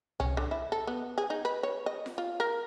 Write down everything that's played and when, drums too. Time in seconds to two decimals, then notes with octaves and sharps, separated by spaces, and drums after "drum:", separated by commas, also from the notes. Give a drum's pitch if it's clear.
0.20 C#4, drum: tom C2
0.37 D3
0.51 E4
0.72 A4
0.87 B3
1.18 G#4
1.30 D#4
1.45 B4
1.63 C#5
1.86 D#5
2.06 drum: snare F4
2.18 F4
2.40 A#4